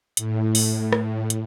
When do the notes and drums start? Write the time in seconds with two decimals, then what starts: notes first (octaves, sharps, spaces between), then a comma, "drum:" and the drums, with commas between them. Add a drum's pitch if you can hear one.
0.17 A2, drum: hi-hat
0.55 drum: open hi-hat
0.93 drum: rim click
1.30 drum: hi-hat